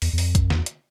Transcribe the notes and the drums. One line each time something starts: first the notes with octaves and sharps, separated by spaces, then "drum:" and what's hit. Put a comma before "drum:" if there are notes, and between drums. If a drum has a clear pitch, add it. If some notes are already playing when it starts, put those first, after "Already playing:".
E2, drum: open hi-hat
E2
F2, drum: open hi-hat
F#2, drum: kick, hi-hat
E2, drum: snare
drum: hi-hat